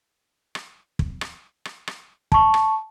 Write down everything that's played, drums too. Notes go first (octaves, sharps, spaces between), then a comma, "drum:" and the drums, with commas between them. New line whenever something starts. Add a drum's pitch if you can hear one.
drum: rim click
drum: kick
drum: rim click
drum: rim click
drum: rim click
A5 C#6, drum: kick
drum: rim click